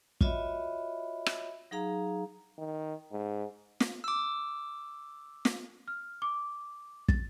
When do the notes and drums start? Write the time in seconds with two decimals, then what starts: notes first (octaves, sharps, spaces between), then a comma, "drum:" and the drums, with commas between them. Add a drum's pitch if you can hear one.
0.21 F4 F#4 C#5 D#5 E5 B5, drum: kick
1.26 drum: rim click
1.71 F#3 D#4 G#4 F5 A#5
2.58 D#3
3.12 G#2
3.80 drum: snare
4.04 D6 E6
5.45 drum: snare
5.88 F6
6.22 D6
7.08 A6, drum: kick